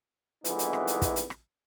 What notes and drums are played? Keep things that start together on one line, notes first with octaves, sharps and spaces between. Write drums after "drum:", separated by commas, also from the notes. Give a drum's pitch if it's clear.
C2 F2 E3 G#3 B3 D#4, drum: hi-hat
drum: hi-hat
drum: rim click
drum: hi-hat
drum: kick, hi-hat
drum: hi-hat
drum: rim click